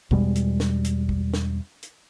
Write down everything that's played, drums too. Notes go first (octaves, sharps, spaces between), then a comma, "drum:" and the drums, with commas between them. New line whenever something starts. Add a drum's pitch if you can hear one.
E2 B2 G3 G#3, drum: kick
drum: hi-hat
drum: snare
drum: hi-hat
drum: kick
drum: snare
drum: hi-hat